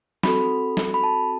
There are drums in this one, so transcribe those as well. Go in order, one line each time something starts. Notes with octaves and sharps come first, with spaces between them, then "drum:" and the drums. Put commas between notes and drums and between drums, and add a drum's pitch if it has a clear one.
C4 F#4 A4 B5, drum: snare
drum: snare
B5
A5